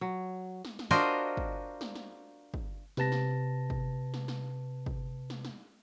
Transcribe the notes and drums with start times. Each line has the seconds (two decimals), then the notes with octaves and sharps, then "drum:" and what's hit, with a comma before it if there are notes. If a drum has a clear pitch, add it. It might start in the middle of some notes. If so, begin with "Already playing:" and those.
0.01 F#3
0.65 drum: snare
0.79 drum: snare
0.91 D4 F4 F#4 A#4 C5 D#5
1.37 drum: kick
1.81 drum: snare
1.95 drum: snare
2.54 drum: kick
2.97 C3 B4 A5 A#6, drum: snare
3.12 drum: snare
3.70 drum: kick
4.14 drum: snare
4.28 drum: snare
4.86 drum: kick
5.30 drum: snare
5.45 drum: snare